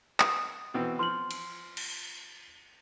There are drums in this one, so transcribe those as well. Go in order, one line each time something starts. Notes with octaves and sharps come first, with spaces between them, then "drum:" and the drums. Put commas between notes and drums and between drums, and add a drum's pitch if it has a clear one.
D#6, drum: clap
B2 E3 C4
F3 C6 F#7
drum: cymbal
drum: cymbal